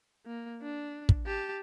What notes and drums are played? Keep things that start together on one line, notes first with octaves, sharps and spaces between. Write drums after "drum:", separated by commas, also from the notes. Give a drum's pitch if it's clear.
A#3
D4
drum: kick
G4 A5